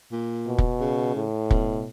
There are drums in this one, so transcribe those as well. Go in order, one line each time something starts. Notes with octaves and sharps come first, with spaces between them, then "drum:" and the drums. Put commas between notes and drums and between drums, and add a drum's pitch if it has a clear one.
A#2
B2
drum: kick
C#3
A2
B2, drum: kick